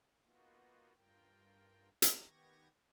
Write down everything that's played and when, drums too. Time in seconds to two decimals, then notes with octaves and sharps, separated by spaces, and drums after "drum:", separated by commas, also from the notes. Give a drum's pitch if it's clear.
0.22 A#3 B3 D#4 F4 F#4
0.96 G2 F4 A#4 G5
2.02 drum: hi-hat
2.21 D#3 B3 G4 C#6 G#6 A#6